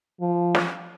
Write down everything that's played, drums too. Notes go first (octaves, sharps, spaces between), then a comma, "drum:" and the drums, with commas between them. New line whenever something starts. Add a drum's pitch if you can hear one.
F3
drum: snare